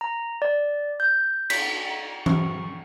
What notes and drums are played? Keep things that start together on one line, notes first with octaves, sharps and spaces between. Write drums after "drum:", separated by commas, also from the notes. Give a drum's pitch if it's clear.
A#5
D5
G6
B6, drum: cymbal
C#6, drum: tom E3